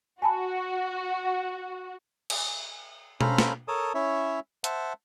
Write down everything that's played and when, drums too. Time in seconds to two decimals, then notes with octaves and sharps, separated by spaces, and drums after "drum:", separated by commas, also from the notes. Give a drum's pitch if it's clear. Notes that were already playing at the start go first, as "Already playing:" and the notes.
0.22 F#4 G#5 A5 B5
2.30 drum: cymbal
3.21 C#4 A4 C5 F5 A#5 B5, drum: tom B2
3.38 drum: snare
3.68 A4 A#4 C#5 A5 D#6
3.94 C#4 E4 C#5 E5
4.64 C5 E5 F#5 A5, drum: hi-hat